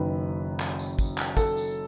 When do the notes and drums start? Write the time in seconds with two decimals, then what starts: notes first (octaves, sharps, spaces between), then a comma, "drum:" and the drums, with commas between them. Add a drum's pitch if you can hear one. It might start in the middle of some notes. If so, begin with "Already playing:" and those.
Already playing: F#1 F#2 D#3 B4
0.60 drum: clap
0.79 drum: tambourine
0.99 drum: kick, tambourine
1.18 drum: clap
1.37 A4, drum: kick, tambourine
1.57 drum: tambourine